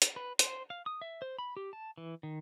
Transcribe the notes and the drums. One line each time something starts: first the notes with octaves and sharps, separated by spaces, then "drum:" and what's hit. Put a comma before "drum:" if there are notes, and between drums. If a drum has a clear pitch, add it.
drum: hi-hat
B4
C5, drum: hi-hat
F5
D#6
E5
C5
B5
G4
A5
E3
D#3